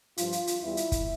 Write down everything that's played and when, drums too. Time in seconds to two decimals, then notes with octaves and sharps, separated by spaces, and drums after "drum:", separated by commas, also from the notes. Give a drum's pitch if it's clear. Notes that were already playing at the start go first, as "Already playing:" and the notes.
0.17 G2 F3 F4, drum: hi-hat
0.32 drum: hi-hat
0.47 drum: hi-hat
0.62 E2 E3 G3 E4
0.77 drum: hi-hat
0.92 drum: kick, hi-hat